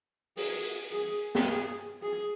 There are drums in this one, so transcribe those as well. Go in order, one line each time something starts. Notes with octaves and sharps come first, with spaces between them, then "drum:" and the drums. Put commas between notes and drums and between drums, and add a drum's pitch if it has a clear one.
G#4, drum: open hi-hat
G#4
drum: snare
G#4
G#4